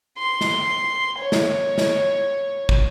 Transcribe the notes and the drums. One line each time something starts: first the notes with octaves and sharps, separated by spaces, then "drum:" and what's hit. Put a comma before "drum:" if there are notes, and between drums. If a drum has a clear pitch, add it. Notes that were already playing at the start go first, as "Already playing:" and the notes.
C6
drum: snare
C#5
drum: snare
drum: snare
drum: kick